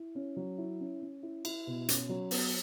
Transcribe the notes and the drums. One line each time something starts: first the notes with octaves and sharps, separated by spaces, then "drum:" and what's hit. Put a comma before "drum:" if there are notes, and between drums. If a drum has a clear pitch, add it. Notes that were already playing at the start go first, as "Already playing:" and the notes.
Already playing: E4
C#4
F#3
E4
C#4
C#4
E4
E4, drum: cymbal
B2
C#4, drum: hi-hat
F#3
B3, drum: open hi-hat